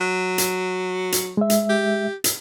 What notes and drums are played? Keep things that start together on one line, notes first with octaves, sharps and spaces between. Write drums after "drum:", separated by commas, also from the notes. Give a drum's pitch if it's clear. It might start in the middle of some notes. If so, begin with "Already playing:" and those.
F#3
drum: hi-hat
drum: hi-hat
G#3 E5
drum: hi-hat
G4
drum: hi-hat